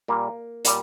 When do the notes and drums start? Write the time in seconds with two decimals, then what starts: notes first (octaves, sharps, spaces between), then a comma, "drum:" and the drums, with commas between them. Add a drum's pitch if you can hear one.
0.08 A#2 G3 A#3
0.65 A#2 G3, drum: hi-hat